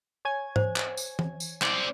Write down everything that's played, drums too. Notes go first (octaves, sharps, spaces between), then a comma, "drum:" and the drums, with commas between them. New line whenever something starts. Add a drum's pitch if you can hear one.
C#5 G#5 G#6
C5, drum: tom G#2
drum: clap
drum: tambourine
drum: tom
drum: tambourine
C4 D5, drum: clap